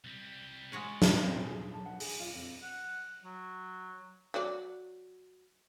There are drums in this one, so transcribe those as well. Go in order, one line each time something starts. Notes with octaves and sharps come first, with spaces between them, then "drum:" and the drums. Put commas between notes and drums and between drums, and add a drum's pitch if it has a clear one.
C2 G3
G#3 F#4 B4 C#5 D#5
drum: snare
C4
G#4
G#4
A5
F#5
G#4, drum: open hi-hat
F4
F2
F#5
F#3
F#3 F#4 D5